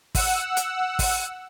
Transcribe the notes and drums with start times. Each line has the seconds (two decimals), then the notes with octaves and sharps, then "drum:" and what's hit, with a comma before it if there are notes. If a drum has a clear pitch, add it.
0.15 F#5 E6, drum: kick, open hi-hat
0.57 drum: hi-hat
0.99 drum: kick, open hi-hat